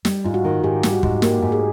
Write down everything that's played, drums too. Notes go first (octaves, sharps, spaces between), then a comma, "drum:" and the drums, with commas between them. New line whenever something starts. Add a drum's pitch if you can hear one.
G3, drum: snare
G#2 F4
F#4
D#3
G#2 G4
G3, drum: snare
F#4
G#2, drum: kick
A#3 G4, drum: snare
G#2
G#4